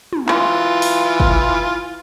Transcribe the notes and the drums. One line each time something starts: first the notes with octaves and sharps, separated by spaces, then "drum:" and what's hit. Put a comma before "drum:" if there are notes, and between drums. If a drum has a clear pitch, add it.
drum: tom
E3 F4, drum: clap
drum: open hi-hat
drum: kick